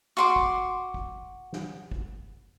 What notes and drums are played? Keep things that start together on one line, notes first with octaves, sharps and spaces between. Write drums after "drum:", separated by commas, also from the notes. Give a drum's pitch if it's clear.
F#4 C6 D6
drum: kick
drum: kick
drum: snare
drum: kick